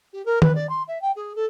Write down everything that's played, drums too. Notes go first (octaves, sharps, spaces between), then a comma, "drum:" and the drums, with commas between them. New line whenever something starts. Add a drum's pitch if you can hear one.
G4
A#4
B4, drum: tom D#3
D5
C6
E5
G5
G#4
A4